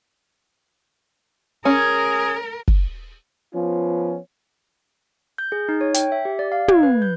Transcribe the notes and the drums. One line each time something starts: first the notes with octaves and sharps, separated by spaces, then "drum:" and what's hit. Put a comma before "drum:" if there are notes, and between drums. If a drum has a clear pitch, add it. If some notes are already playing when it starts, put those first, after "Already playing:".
C#4 G#4 A#4
drum: kick
F3 B3 C#4 F4
G6
G#4
D#4
C#5
G5, drum: hi-hat
E5
G4
D5
F5
G#6, drum: tom
B4
G6